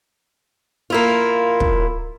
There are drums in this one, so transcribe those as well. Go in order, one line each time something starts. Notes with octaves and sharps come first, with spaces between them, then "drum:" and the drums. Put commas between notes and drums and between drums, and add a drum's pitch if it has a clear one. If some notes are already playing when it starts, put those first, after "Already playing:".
A#3 E4 F4
drum: kick